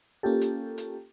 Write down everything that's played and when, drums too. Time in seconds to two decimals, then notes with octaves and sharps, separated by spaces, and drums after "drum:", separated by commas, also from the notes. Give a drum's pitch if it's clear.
0.23 A#3 C#4 F4 G4 A4
0.41 drum: hi-hat
0.78 drum: hi-hat